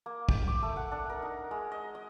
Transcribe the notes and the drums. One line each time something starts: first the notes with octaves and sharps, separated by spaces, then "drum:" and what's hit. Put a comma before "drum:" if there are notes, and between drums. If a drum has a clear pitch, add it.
A#3
G5, drum: kick
D6
A3
F#5
D4
A#4
D#4
G#3
D#5
D#5